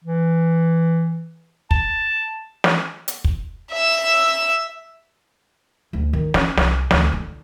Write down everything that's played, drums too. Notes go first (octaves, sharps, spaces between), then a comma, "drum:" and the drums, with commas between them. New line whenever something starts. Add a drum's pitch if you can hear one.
E3
A5, drum: kick
drum: snare
drum: hi-hat
drum: kick
E5 E6
D2
D#3
C#4, drum: snare
C2, drum: snare
D2, drum: snare
D3